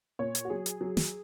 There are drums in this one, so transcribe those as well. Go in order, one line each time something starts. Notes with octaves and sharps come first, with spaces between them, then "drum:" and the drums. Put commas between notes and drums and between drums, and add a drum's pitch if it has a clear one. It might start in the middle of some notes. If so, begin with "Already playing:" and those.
A#2 C#5
drum: hi-hat
F#4
F#3 G#4
drum: hi-hat
F#3
drum: snare